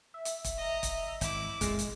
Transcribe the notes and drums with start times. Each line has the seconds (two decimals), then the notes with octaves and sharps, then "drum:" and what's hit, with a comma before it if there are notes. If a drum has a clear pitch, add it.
0.14 E5
0.25 drum: hi-hat
0.44 drum: kick, hi-hat
0.58 D#5 A#5
0.83 drum: kick, hi-hat
1.21 G#1 E4 D6, drum: hi-hat
1.61 F2 A#2 G#3, drum: kick, hi-hat
1.79 drum: hi-hat